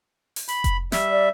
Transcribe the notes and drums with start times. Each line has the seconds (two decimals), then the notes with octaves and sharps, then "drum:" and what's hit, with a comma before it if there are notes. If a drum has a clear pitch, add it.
0.36 drum: open hi-hat
0.48 B5, drum: hi-hat
0.64 drum: kick F1, hi-hat
0.92 G3 E5, drum: snare
1.11 D5